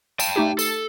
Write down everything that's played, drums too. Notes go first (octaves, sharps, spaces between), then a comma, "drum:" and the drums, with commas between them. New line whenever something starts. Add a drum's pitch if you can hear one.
G5 A5, drum: tambourine
A3 D#4 G4
A4, drum: tambourine